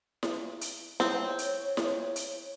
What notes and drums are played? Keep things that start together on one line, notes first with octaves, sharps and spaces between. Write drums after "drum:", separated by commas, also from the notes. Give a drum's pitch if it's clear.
drum: snare E4
drum: hi-hat
C4 C#5, drum: snare E4
drum: hi-hat
drum: snare E4
drum: hi-hat